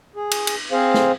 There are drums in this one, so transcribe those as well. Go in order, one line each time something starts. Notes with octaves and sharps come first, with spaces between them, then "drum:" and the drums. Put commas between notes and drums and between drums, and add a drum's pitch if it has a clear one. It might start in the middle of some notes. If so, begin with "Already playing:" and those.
G#4
drum: cymbal
drum: cymbal
C4 G#4 C5 F5
drum: snare